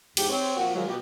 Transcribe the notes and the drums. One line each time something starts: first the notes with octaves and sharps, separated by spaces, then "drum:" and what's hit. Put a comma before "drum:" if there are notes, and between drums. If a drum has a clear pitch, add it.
E2 G#2 G4, drum: cymbal
C4 C#5
A#2 F3 F#4
D#3 F3 F#3 G#3
B2 G4